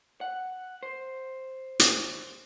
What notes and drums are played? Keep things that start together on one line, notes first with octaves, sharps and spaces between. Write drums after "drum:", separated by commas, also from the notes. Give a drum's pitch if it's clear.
F#5
C5
drum: hi-hat